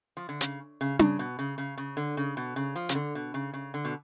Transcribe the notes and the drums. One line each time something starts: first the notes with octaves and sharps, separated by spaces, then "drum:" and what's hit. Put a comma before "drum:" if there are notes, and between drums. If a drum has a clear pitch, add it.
F3
D3
C#3, drum: hi-hat
C#3
C#3, drum: tom D4
B2
C#3
C#3
C#3
D3
C#3
B2
C#3
F3
C#3, drum: hi-hat
D3
B2
C#3
C#3
D3
B2